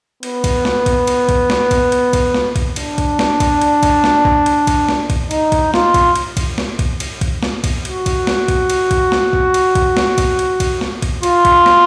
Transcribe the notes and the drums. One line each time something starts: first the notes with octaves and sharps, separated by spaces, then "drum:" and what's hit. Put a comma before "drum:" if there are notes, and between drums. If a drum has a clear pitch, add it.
B3, drum: cymbal
drum: kick B1, cymbal
drum: snare
drum: kick B1, cymbal
drum: cymbal
drum: kick B1, cymbal
drum: snare
drum: kick B1, cymbal
drum: cymbal
drum: kick B1, cymbal
drum: snare
drum: kick B1, cymbal
D4, drum: cymbal
drum: kick B1, cymbal
drum: snare
drum: kick B1, cymbal
drum: cymbal
drum: kick B1, cymbal
drum: snare
drum: kick B1
drum: cymbal
drum: kick B1, cymbal
drum: snare
drum: kick B1, cymbal
D#4, drum: cymbal
drum: kick B1, cymbal
F4, drum: snare
drum: kick B1, cymbal
drum: cymbal
drum: kick B1, cymbal
drum: snare
drum: kick B1, cymbal
drum: cymbal
drum: kick B1, cymbal
drum: snare
drum: kick B1, cymbal
F#4, drum: cymbal
drum: kick B1, cymbal
drum: snare
drum: kick B1, cymbal
drum: cymbal
drum: kick B1, cymbal
drum: snare
drum: kick B1
drum: cymbal
drum: kick B1, cymbal
drum: snare
drum: kick B1, cymbal
drum: cymbal
drum: kick B1, cymbal
drum: snare
drum: kick B1, cymbal
F4, drum: cymbal
drum: kick B1, cymbal
drum: snare